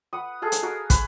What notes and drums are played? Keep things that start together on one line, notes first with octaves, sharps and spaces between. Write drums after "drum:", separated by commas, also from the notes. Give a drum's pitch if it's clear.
B4 F#5 D#6
G#4 A4 F5
drum: hi-hat
F#4 A#4 F5
B4, drum: kick, hi-hat